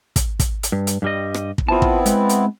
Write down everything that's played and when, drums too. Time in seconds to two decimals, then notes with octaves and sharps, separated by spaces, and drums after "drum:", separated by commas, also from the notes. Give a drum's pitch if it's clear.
0.16 drum: kick, hi-hat
0.39 drum: kick, hi-hat
0.63 drum: hi-hat
0.72 G2
0.87 drum: hi-hat
1.02 G2 G3 D#5
1.34 drum: rim click
1.58 drum: kick
1.69 B3 C4 E4 F4 A5
1.82 drum: kick
2.06 G#3, drum: hi-hat
2.29 drum: hi-hat